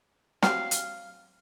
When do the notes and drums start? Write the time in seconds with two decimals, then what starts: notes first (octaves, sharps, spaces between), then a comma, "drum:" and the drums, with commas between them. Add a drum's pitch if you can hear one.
0.42 F#3 C4 G4 F5, drum: snare
0.71 drum: hi-hat